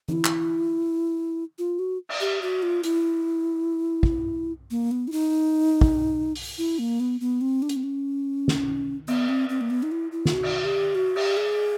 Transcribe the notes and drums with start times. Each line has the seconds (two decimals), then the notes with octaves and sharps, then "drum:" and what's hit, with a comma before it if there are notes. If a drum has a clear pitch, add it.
0.08 D#4, drum: tom E3
0.12 E4
0.25 drum: clap
1.58 F4
1.79 F#4
2.09 drum: cymbal
2.21 G4
2.42 F#4
2.63 F4
2.83 E4, drum: hi-hat
4.03 drum: kick
4.71 A#3
4.91 B3
5.08 E4
5.12 D#4
5.81 drum: kick
6.35 drum: open hi-hat
6.58 E4
6.79 A#3
7.00 B3
7.21 B3
7.41 C4
7.62 D4
7.69 C#4, drum: hi-hat
7.76 C4
7.83 C#4
8.48 drum: snare
9.08 B3, drum: cymbal
9.29 C4
9.49 C4
9.61 A#3
9.70 B3
9.83 D#4
9.91 E4
10.12 E4
10.25 F4, drum: snare
10.33 F#4
10.43 drum: cymbal
10.64 G4
10.95 F#4
11.16 G4, drum: cymbal
11.37 G#4